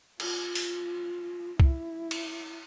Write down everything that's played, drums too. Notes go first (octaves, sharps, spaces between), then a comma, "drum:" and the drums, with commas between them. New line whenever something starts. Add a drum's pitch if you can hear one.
F4, drum: cymbal
drum: open hi-hat
E4, drum: kick C2
drum: cymbal